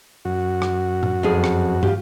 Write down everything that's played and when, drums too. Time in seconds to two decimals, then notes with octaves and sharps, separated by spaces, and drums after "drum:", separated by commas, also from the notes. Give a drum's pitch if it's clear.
0.25 F#2 F#4
0.62 drum: rim click
1.03 drum: tom A2
1.23 F2 G#4
1.44 drum: rim click
1.83 F4 G4, drum: tom